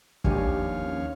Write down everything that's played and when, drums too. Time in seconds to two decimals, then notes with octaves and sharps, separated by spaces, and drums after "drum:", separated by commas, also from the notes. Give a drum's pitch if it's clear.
0.24 D#2 F3 D4 G4 C#5 F5 G#5, drum: kick
0.85 C#4